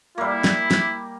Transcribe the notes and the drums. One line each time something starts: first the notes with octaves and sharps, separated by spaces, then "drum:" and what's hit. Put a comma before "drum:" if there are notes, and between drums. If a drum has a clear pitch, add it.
G3 A#3 E4
drum: snare
drum: snare